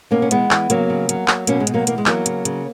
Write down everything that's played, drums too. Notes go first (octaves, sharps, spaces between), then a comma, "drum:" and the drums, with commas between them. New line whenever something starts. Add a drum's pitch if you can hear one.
B2 A#3 C#4
C#4
E3 G#3 B3, drum: hi-hat
E3, drum: clap
C#3 F#3 A#3, drum: hi-hat
C#3
F#3, drum: hi-hat
F#3, drum: clap
B2 A#3 C#4, drum: hi-hat
G#3
B2, drum: hi-hat
F#3 A#3
E3 A#3, drum: hi-hat
G#3
E3 F#3 A#3, drum: clap
C#3, drum: hi-hat
C#3, drum: hi-hat